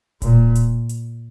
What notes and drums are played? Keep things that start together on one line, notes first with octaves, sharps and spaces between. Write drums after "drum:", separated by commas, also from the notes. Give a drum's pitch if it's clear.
A#2, drum: kick D1, hi-hat
drum: hi-hat
drum: hi-hat